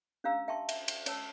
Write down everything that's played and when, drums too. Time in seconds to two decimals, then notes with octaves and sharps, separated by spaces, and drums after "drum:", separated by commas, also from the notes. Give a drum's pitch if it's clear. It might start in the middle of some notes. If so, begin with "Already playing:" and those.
0.24 C#4 D4 G4 F5 A#5 E6
0.48 E5 G5 A5 C6 C#6
0.69 E5, drum: cymbal
0.88 drum: cymbal
1.06 C#4 C#5 A5 E6, drum: cymbal